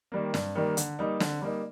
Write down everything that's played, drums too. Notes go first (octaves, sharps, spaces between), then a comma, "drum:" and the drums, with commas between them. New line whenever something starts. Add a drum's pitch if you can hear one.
D#3 G3 A#3
G2, drum: snare
D#3 G3 A#3
D3, drum: hi-hat
G3 A#3 D#4
D3, drum: snare
G3 A#3 D#4